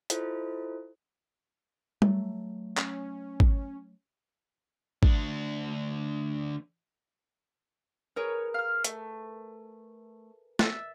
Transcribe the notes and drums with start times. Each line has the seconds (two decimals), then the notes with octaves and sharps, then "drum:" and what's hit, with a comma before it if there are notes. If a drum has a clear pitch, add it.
0.10 E4 F4 A4 C5 D#5, drum: hi-hat
2.02 F#3 A3, drum: tom G3
2.77 C#4, drum: clap
3.40 drum: kick
5.03 D2 D4, drum: kick
8.16 G#4 A#4 B4 C#5
8.54 F5 F6
8.84 A3, drum: hi-hat
10.59 E5 E6 F#6 A6, drum: snare